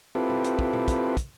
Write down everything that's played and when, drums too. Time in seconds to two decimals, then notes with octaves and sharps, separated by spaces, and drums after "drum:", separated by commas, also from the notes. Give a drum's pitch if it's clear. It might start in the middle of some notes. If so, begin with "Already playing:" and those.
0.15 C4 E4 F4 G4 A4 B4
0.30 drum: tom A#2
0.44 drum: hi-hat
0.59 drum: kick
0.73 drum: tom A#2
0.88 drum: kick, hi-hat
1.17 drum: kick, hi-hat